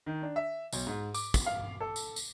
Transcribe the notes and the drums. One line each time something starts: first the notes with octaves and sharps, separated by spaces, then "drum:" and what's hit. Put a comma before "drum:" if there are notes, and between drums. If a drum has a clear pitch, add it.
D#3
D4
E5
B1, drum: tambourine
G#2
D6, drum: tambourine
drum: kick, tambourine
F5
A4
drum: tambourine
drum: tambourine